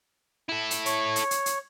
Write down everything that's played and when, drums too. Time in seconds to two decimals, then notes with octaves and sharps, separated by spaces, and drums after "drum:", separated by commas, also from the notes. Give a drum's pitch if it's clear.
0.49 E4 A4
0.71 drum: hi-hat
0.86 C#5, drum: hi-hat
1.16 drum: hi-hat
1.31 drum: hi-hat
1.46 drum: hi-hat